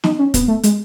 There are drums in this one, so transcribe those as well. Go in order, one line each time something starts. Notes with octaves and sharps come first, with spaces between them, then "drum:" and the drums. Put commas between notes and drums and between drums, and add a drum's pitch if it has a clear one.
D#4, drum: snare
C#4
B3, drum: kick, hi-hat
A3
G#3, drum: hi-hat